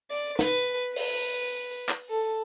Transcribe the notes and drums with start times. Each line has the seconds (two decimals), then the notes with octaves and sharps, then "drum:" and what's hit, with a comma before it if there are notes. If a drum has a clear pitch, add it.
0.11 D5
0.39 B4, drum: snare
0.96 B4, drum: open hi-hat
1.89 drum: clap
2.09 A4